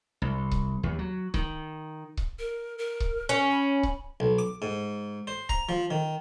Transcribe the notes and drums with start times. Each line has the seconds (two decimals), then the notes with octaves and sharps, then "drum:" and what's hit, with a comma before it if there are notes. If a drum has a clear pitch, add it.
0.22 C2
0.51 drum: kick C#1
0.83 D#2
0.99 F#3
1.34 D#3, drum: kick C#1
2.17 drum: kick C#1
2.39 A#4
2.78 A#4
3.00 drum: kick C#1
3.29 C#4
3.51 B5
3.83 drum: kick C#1
4.20 B1
4.39 D6
4.62 G#2
5.27 C5
5.49 A#5, drum: kick C#1
5.69 F3
5.91 D#3